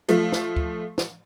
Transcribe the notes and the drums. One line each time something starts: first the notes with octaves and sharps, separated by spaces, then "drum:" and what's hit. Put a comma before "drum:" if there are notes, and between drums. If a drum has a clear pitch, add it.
F3 A3, drum: hi-hat
drum: snare
drum: kick
drum: snare